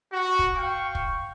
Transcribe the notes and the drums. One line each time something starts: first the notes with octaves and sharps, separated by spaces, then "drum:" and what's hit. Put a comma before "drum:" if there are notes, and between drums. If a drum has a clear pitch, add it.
F#4
drum: kick
F5 G5 C#6
drum: kick